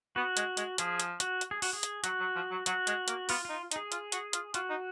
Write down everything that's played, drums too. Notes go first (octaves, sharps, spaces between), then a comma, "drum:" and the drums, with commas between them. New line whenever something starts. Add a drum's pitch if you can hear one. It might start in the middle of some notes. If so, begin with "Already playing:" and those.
B3 F#4
G#3, drum: hi-hat
G#3, drum: hi-hat
F3 G#4, drum: hi-hat
drum: hi-hat
F#4, drum: hi-hat
drum: hi-hat
G#4
F#4, drum: open hi-hat
G#4
drum: hi-hat
F#3 F#4, drum: hi-hat
F#3
F3
F#3
F#3 F#4, drum: hi-hat
G#3, drum: hi-hat
A#3, drum: hi-hat
B3 F4, drum: open hi-hat
D#4 F4
D#4, drum: hi-hat
G#4
F4, drum: hi-hat
F#4, drum: hi-hat
F4, drum: hi-hat
F4 F#4, drum: hi-hat
D#4